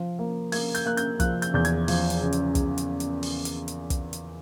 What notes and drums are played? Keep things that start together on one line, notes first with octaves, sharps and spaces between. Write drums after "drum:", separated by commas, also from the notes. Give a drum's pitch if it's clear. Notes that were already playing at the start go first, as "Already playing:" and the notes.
Already playing: F3
A#3
A#3 G#6, drum: open hi-hat
G6, drum: hi-hat
A#3 F#6
G6, drum: hi-hat
F3 F#6, drum: kick, hi-hat
G6, drum: hi-hat
E2 G6
G#6, drum: hi-hat
F3, drum: open hi-hat
drum: hi-hat
C#3
drum: hi-hat
drum: kick, hi-hat
drum: hi-hat
drum: hi-hat
drum: open hi-hat
drum: hi-hat
drum: hi-hat
drum: kick, hi-hat
drum: hi-hat